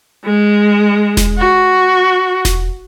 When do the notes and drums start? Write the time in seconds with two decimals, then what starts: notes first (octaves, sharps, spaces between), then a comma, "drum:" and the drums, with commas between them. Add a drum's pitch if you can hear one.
0.24 G#3
1.17 drum: snare E1
1.38 F#4
2.45 drum: snare E1